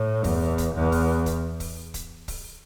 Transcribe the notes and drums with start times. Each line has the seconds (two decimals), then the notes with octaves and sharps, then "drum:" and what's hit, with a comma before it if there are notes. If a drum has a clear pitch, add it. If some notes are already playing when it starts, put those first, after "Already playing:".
Already playing: A2
0.24 E2, drum: kick, open hi-hat
0.58 drum: kick, hi-hat
0.75 E2
0.92 drum: kick, open hi-hat
1.26 drum: kick, hi-hat
1.60 drum: kick, open hi-hat
1.94 drum: kick, hi-hat
2.28 drum: kick, open hi-hat